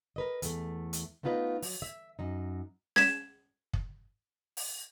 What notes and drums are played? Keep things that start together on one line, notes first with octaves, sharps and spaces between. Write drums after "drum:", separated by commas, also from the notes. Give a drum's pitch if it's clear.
A#4 B4 D#5
E2 A3, drum: hi-hat
drum: hi-hat
A3 B3 D#4 F4 B4 D#5
F#3, drum: open hi-hat
E5
F#2 D#4
G#6 B6 E7, drum: snare C#4
drum: kick
drum: open hi-hat